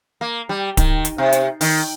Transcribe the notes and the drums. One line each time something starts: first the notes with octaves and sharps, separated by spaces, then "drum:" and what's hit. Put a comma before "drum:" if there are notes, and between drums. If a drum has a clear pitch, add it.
A#3
G3
D#3, drum: kick D1, hi-hat
drum: hi-hat
C3
drum: hi-hat
D#3, drum: open hi-hat